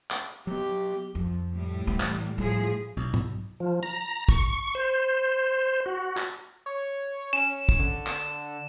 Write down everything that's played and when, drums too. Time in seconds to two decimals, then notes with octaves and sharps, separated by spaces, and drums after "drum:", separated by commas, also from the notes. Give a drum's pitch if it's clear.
0.11 drum: clap
0.47 F#3 B3 G4
1.15 F2
1.54 A2 G3
1.87 E3 B3
2.00 drum: clap
2.38 A2 F3 G3 G#4
2.97 B1
3.14 drum: tom
3.60 F3
3.83 A#5
4.29 C#6, drum: kick
4.75 C5
5.86 F#4
6.17 drum: clap
6.66 C#5
7.33 C#4 E7
7.69 drum: kick
7.79 D3
8.07 drum: clap